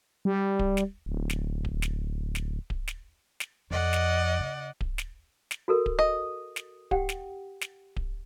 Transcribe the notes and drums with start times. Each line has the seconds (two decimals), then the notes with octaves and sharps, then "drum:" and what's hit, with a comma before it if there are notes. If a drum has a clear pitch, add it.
0.25 G3
0.59 drum: kick D1
0.77 drum: snare
1.06 D1
1.30 drum: snare
1.65 drum: kick D1
1.82 drum: snare
2.35 drum: snare
2.70 drum: kick D1
2.88 drum: snare
3.40 drum: snare
3.71 F2 D5 D#5 F#5
3.93 drum: snare
4.39 C#3
4.81 drum: kick D1
4.98 drum: snare
5.51 drum: snare
5.68 F#4 A4 A#4
5.86 drum: kick D1
5.99 D#5
6.56 drum: snare
6.91 G4 F#5 G5, drum: kick D1
7.09 drum: snare
7.61 drum: snare
7.96 drum: kick D1